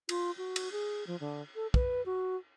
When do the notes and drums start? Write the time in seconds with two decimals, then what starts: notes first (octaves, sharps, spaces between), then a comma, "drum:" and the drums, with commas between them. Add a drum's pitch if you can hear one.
0.09 F4, drum: cymbal
0.38 F#4
0.56 drum: cymbal
0.72 G#4
1.07 F3
1.20 D3
1.56 A4
1.74 B4, drum: kick
2.06 F#4